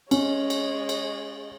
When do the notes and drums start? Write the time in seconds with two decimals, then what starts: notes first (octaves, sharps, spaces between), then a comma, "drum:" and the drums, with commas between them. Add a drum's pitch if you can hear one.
0.11 G#3 C#4 C#5, drum: cymbal
0.50 drum: cymbal
0.89 drum: cymbal